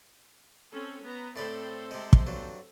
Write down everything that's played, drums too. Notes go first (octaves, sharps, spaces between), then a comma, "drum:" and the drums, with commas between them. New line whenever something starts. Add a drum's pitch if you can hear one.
C4 C#4 A4
B3 A#5
A2 C4 A4 C5 D5 B5
C3 G#3
drum: kick
G2 F#3